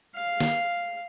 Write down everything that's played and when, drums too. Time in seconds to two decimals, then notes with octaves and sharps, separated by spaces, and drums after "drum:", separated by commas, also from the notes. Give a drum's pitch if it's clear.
0.17 F5
0.40 drum: snare